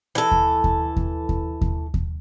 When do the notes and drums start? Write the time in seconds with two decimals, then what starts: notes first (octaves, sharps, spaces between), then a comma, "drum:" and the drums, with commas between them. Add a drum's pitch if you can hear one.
0.15 E3 A4
0.31 drum: kick D#2
0.64 drum: kick D#2
0.96 drum: kick D#2
1.29 drum: kick D#2
1.61 drum: kick D#2
1.94 drum: kick D#2